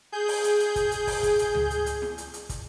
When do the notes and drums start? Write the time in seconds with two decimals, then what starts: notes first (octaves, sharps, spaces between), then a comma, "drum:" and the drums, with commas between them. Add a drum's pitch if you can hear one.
0.12 G#4 G6
0.28 drum: open hi-hat
0.44 drum: hi-hat
0.60 drum: hi-hat
0.76 drum: kick, hi-hat
0.91 drum: hi-hat
1.07 drum: kick, open hi-hat
1.23 drum: kick, hi-hat
1.39 drum: hi-hat
1.55 drum: tom C#2
1.70 drum: hi-hat
1.86 drum: hi-hat
2.02 drum: snare
2.18 drum: hi-hat
2.34 drum: hi-hat
2.49 drum: kick, hi-hat